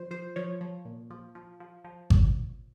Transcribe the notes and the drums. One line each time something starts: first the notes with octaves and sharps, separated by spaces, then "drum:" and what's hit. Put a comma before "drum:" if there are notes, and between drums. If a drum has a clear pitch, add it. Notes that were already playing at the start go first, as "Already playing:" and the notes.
Already playing: F3 C5
F3 C5
F3 C#5
F3
A#2
F3
F3
F3
F3
A#2, drum: kick G#1